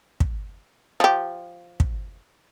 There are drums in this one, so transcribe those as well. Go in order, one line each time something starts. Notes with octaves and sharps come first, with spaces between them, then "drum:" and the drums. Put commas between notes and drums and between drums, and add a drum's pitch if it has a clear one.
drum: kick
F3 G4
drum: kick